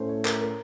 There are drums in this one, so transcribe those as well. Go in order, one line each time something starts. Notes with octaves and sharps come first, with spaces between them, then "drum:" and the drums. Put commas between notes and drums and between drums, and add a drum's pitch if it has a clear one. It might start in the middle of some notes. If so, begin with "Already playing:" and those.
Already playing: A2 A3 C#4 C5
C#5
A#4, drum: clap
A#4